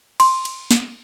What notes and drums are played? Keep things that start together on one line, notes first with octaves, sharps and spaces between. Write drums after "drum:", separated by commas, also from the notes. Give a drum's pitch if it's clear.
C6, drum: cymbal
drum: cymbal
drum: snare